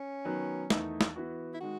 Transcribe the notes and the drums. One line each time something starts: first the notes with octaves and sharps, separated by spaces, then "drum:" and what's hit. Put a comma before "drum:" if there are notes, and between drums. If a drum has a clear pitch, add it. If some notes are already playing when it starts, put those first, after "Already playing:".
Already playing: C#4
D#3 F#3 B3
E2 D#3 A3 D#4, drum: snare
drum: snare
E3 B3 F#4
E4
D#3 G#3 F#4